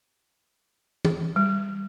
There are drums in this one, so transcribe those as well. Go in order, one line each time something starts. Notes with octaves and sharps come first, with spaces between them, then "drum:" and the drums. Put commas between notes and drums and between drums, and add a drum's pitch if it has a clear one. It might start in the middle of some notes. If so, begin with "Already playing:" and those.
drum: tom E3
G3